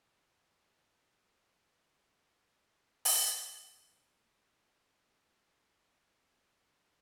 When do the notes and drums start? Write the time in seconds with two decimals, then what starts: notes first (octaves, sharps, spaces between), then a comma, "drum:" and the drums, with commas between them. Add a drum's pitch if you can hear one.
0.01 G#4 B4 E5 D6
0.62 G5
1.25 D#4 A4 A#4 D#5 A#5 D6
1.61 D#4 G4 D#5 E6
2.13 A2 D#3
3.05 drum: open hi-hat
4.67 A#4 E5